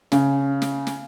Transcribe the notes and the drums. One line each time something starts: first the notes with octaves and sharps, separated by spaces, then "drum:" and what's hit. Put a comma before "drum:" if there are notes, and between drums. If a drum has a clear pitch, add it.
C#3, drum: snare
drum: snare
drum: snare